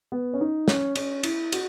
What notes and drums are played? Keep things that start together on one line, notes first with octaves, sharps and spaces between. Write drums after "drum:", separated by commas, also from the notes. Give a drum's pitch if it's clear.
B3
C#4
D#4
C#4, drum: snare
C#4, drum: cymbal
E4, drum: cymbal
F#4, drum: cymbal